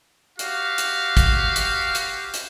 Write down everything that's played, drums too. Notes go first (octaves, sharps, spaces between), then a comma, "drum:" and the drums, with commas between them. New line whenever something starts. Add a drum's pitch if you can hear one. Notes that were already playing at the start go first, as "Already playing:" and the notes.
F#4 G4 F5, drum: hi-hat
drum: hi-hat
drum: kick, hi-hat
drum: hi-hat
drum: hi-hat
drum: hi-hat